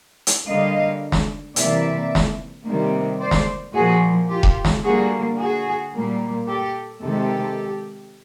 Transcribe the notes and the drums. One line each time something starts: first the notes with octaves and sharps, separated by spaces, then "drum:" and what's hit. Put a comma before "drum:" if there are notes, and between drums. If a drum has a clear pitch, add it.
drum: hi-hat
D3 G3 A#3 D#5 F5
drum: snare
C3 E3 G3 A#3 D5 E5, drum: hi-hat
drum: snare
C3 D#3 G3 A#3
C5 D5
drum: snare
A#2 F3 A#3 F#4 G#4
F4 G4
drum: kick E1
drum: snare
D3 G3 A#3 F#4 G#4
F#4 G#4
A#2 G3 A#3
G4 A4
C3 D#3 G#3 G4 A4